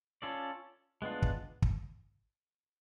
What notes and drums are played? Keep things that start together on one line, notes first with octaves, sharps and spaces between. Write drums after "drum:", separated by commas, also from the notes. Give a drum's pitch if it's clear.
C#4 F4 A4 D5
G#3 B3 D4 F4
drum: kick
drum: kick